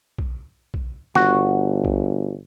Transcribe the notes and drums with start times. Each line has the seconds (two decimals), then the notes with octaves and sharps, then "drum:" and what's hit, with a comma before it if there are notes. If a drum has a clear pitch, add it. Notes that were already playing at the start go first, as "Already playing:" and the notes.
0.18 drum: kick B1
0.74 drum: kick B1
1.15 G1 F#4, drum: snare
1.85 drum: kick B1